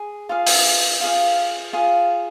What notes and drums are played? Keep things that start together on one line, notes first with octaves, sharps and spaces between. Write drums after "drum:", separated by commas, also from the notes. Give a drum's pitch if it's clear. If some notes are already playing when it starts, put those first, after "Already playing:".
Already playing: G#4
F4 G#4 F5
drum: open hi-hat
F4 G#4 F5
F4 G#4 F5